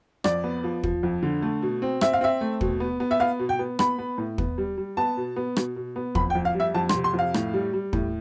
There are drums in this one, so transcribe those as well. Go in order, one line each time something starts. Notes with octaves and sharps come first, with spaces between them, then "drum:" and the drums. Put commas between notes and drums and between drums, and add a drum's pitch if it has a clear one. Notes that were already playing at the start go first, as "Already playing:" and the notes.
F2 D5, drum: rim click
B3
F3
F3, drum: kick
F2
D3
A3
B2
C4
C4 E5, drum: rim click
F5
C4 E5
A3
B2, drum: kick
B3
B3
E5
B3 F5
B2
G5
B3
B3 B5, drum: rim click
B3
A2
B3, drum: kick
G3
G3
B3 A5
B2
B3
B2, drum: rim click
B2
B3
F2 B5, drum: kick
G5
F2
F5
G3
E5
F2 A5
C6, drum: rim click
C3
C6
F2
F5
A2, drum: rim click
G3
G3
A2, drum: kick